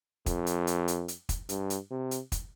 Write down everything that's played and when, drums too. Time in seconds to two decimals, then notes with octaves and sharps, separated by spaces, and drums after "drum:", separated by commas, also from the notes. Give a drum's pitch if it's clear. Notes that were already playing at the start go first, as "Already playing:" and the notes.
0.26 F2, drum: kick, hi-hat
0.47 drum: hi-hat
0.67 drum: hi-hat
0.88 drum: hi-hat
1.08 drum: hi-hat
1.29 drum: kick, hi-hat
1.49 G2, drum: hi-hat
1.70 drum: hi-hat
1.91 C3
2.11 drum: hi-hat
2.32 drum: kick, hi-hat